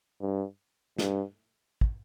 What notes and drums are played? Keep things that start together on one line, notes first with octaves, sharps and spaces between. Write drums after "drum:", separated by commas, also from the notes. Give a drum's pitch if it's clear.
G2
G2, drum: snare
drum: kick